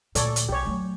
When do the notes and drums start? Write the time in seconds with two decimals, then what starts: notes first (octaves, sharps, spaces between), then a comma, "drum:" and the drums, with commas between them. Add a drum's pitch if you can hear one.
0.15 D2 A#2 A4 C#5 D5, drum: hi-hat
0.36 drum: hi-hat
0.49 B1 G4 C#5
0.65 F#3 A3